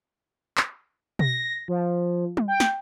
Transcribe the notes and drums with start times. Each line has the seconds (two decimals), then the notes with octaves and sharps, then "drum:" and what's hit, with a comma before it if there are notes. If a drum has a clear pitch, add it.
0.57 drum: clap
1.19 A#6, drum: tom B2
1.68 F3
2.37 drum: tom G3
2.48 G5
2.60 drum: snare